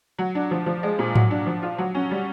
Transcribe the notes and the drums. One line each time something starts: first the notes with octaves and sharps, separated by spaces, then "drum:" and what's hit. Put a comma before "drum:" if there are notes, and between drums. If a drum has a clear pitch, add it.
F#3
D4
F3
F3
G#3
A#2
F#3, drum: tom G#2
D4
F3
F4
F#3
C#4
G3